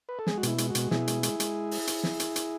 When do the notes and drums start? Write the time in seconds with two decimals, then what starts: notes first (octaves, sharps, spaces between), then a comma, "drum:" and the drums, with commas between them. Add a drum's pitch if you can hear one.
0.09 B4
0.19 A4
0.27 G#3 G#4, drum: snare
0.37 F#4
0.43 B2 E4, drum: hi-hat
0.58 G#3, drum: hi-hat
0.70 F#4
0.75 B2, drum: hi-hat
0.91 B2 E4 G#4, drum: snare
1.07 G#3, drum: hi-hat
1.23 G#3, drum: hi-hat
1.40 G#3, drum: hi-hat
1.71 drum: open hi-hat
1.87 drum: hi-hat
2.03 drum: snare
2.20 drum: hi-hat
2.36 drum: hi-hat